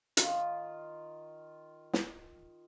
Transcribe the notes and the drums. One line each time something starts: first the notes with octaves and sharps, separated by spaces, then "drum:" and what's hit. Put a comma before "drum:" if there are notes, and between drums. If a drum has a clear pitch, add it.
D#3 F4, drum: hi-hat
drum: snare